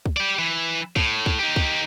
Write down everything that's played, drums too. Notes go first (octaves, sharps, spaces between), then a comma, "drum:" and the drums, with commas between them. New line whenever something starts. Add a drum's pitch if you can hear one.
drum: kick
G4 D5
E3
A2, drum: kick
drum: kick
D#4 G4
drum: kick